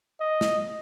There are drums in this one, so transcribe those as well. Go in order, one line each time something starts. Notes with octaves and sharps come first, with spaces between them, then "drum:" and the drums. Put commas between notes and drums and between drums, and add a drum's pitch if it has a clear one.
D#5
drum: snare